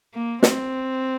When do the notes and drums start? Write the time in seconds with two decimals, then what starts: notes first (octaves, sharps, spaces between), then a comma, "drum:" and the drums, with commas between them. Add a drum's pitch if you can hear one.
0.14 A#3
0.43 C4, drum: snare